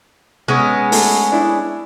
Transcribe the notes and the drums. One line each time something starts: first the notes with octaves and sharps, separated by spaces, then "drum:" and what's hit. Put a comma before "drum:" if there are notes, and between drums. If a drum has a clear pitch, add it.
G#3 B3 C#4
A3 A5, drum: open hi-hat
D4 E4